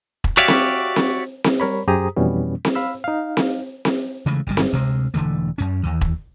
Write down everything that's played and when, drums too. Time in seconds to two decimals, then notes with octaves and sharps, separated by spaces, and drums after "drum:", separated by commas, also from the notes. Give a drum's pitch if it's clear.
0.24 drum: kick E1
0.37 F#4 G4 C#5 D5 E5 F5
0.48 drum: snare C4
0.96 drum: snare C4
1.44 drum: snare C4
1.60 G3 A#4 C#5 B5
1.88 F#2 G4 G#4 C5 A#5 D#6
2.16 F2 B2 E3 G3 B3 C#4
2.65 drum: snare C4
2.75 F5 B5 E6
3.04 D#4 F5
3.37 drum: snare C4
3.85 drum: snare C4
4.26 C#3 E3 G#3 A3
4.47 G1 B2 G3
4.57 drum: snare C4
4.73 D2 C3 G#3
5.14 E1 D3 E3 A3
5.58 F#2 C#4
5.83 D#2 E3
6.01 drum: kick E1